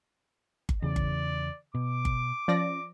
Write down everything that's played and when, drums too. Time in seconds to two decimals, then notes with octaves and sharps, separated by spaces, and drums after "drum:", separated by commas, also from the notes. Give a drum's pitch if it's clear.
0.69 drum: kick G1
0.82 E2 C#3 D5
0.96 drum: kick G1
1.75 B2 D6
2.05 drum: kick G1
2.48 F3 C#4 D5 A#6